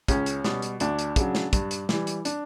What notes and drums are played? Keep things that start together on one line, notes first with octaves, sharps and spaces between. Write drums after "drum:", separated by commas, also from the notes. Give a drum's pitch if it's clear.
C#2 C#4, drum: kick, hi-hat
drum: hi-hat
B2 G3, drum: snare
drum: hi-hat
D2 D4, drum: hi-hat
drum: hi-hat
C#3 F#3, drum: kick, hi-hat
drum: snare
G2, drum: kick, hi-hat
drum: hi-hat
E3 G3, drum: snare
drum: hi-hat
D4, drum: hi-hat